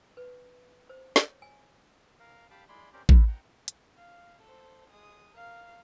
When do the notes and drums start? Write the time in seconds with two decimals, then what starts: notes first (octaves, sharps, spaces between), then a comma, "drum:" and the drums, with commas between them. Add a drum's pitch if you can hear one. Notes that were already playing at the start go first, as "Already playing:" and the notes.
0.17 B4
0.89 C5
1.16 C#5, drum: snare
1.42 G#5
2.20 A#4 F5
2.51 G4 F5 A5 B5 D6
2.69 G#3 E4 D5 B5 C6
2.93 C4 C#4 G4 A#4 C5 D5
3.09 A3 E4 B4 E5, drum: kick A1
3.28 F#5 G5 A#5
3.68 drum: hi-hat
3.97 F5
4.42 A4 C5
4.90 G#3 D#6
5.32 A#4 F5